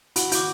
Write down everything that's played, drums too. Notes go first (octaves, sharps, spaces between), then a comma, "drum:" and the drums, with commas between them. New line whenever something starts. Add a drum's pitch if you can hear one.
F#4 B5, drum: hi-hat
F#4 D6 G6, drum: hi-hat